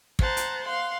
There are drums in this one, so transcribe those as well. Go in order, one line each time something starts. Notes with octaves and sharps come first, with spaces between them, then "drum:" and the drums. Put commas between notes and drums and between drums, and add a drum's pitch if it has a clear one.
C5 F#5 A5 A#5, drum: kick
drum: hi-hat
F5 F#5 C6